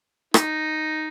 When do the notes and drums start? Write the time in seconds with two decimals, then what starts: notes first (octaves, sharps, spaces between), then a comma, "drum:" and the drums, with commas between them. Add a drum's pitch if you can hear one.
0.34 D#4, drum: rim click